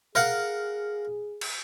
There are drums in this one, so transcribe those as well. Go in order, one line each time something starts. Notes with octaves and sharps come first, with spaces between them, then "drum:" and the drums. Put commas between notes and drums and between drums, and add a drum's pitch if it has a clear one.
G#4 A#4 F5 F#5
drum: cymbal